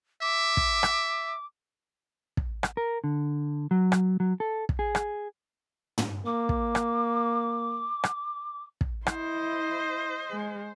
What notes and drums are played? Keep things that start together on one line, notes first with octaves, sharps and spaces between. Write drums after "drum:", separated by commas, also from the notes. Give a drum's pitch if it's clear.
E5 D6
drum: kick
drum: rim click
drum: kick
drum: rim click
A#4
D3
F#3
drum: rim click
F#3
A4
drum: kick
G#4
drum: rim click
drum: tom
A#3 D6
drum: kick
drum: rim click
drum: rim click
drum: kick
E4 C5 D#5, drum: rim click
G#3